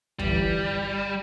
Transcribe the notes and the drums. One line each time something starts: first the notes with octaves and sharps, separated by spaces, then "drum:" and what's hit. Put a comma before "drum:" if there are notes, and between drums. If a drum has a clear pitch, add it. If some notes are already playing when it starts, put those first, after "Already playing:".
G1 G2 E3 G3, drum: kick